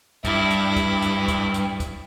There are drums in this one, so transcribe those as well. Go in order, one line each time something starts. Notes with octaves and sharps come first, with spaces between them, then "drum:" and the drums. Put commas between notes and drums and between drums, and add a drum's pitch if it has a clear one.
G2 E4, drum: kick, hi-hat
drum: hi-hat
drum: kick, hi-hat
drum: hi-hat
drum: kick, hi-hat
drum: hi-hat
drum: kick, hi-hat